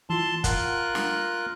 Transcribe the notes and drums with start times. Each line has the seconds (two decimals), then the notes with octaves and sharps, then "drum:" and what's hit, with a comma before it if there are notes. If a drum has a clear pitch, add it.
0.10 E3 F4 A5 C6
0.44 F4 A#4 F#5 F#6, drum: kick, hi-hat
0.95 drum: snare